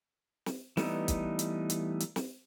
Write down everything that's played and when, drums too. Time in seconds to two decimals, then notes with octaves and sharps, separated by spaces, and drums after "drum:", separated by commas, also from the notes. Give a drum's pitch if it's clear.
0.46 drum: snare
0.77 E3 G3 A3 B3 D#4, drum: snare
1.08 drum: kick B1, hi-hat
1.39 drum: hi-hat
1.70 drum: hi-hat
2.00 drum: hi-hat
2.16 drum: snare